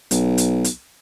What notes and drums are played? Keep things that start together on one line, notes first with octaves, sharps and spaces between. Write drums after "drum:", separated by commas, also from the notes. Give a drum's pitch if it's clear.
B1, drum: hi-hat
drum: hi-hat
drum: hi-hat